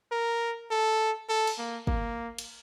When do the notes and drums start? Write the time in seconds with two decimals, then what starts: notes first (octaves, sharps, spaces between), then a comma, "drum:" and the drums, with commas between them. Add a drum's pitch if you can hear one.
0.12 A#4
0.71 A4
1.29 A4
1.47 drum: cymbal
1.58 A#3
1.87 A#3, drum: kick
2.38 drum: cymbal